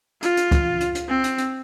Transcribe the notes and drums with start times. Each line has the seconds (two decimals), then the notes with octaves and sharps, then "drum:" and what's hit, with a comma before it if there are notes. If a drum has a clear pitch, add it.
0.22 F4, drum: hi-hat
0.37 drum: hi-hat
0.51 drum: kick C#2, hi-hat
0.80 drum: hi-hat
0.95 drum: hi-hat
1.09 C4
1.24 drum: hi-hat
1.38 drum: hi-hat